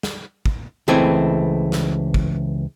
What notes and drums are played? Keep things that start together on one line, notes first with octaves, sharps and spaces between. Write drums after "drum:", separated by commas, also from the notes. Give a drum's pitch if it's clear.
drum: snare
drum: kick
C#2 E3 A3 C4 G#5
drum: snare
drum: kick